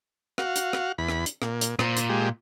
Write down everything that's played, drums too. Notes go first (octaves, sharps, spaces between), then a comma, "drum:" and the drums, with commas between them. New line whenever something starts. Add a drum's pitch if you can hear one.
F#4 F5, drum: rim click
drum: hi-hat
drum: rim click
E2 B5
drum: rim click
drum: hi-hat
A#2, drum: rim click
drum: hi-hat
A#2 C5, drum: rim click
drum: hi-hat
G#3 G4